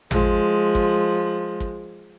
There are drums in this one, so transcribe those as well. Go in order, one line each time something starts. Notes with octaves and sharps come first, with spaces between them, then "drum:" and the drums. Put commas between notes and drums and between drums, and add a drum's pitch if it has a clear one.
F3 G#3, drum: tom
drum: kick
drum: kick